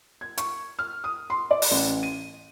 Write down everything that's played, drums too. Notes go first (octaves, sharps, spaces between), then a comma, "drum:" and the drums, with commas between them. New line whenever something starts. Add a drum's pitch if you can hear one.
G#6
C#6, drum: hi-hat
F6
D#6
C6
D5
drum: open hi-hat
A1
D#7